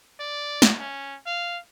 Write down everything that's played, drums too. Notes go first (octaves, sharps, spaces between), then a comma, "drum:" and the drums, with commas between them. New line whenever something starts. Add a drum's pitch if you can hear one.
D5
drum: snare
C#4
F5